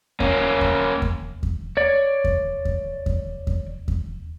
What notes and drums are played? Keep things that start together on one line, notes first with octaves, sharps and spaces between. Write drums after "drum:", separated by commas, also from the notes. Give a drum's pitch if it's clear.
A#3 C#4, drum: kick E2
drum: kick E2
drum: kick E2
drum: kick E2
C#5 D5
drum: kick E2
drum: kick E2
drum: kick E2
drum: kick E2
drum: kick E2